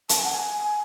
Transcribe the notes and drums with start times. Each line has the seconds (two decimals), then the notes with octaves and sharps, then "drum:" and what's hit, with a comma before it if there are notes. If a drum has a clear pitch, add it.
0.09 A5, drum: hi-hat
0.18 G#5
0.24 F#5
0.33 G#5